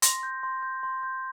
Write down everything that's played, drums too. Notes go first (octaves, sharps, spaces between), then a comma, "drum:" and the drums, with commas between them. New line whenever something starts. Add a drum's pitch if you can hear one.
C6 A#6, drum: hi-hat
G6
C6
G6
C6
G6